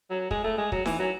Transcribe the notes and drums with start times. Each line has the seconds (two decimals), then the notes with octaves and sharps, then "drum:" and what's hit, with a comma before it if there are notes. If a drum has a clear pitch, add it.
0.10 F#3
0.31 G#3, drum: kick
0.44 A3
0.58 G#3
0.72 F#3, drum: kick
0.86 E3, drum: snare D#4
0.99 F#3